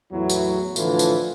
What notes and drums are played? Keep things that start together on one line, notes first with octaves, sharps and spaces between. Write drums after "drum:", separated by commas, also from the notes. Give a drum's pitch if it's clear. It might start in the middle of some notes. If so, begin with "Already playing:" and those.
E2 A2 F#3 E4
drum: tambourine
A2 D3 E3 F3 F4, drum: tambourine
drum: tambourine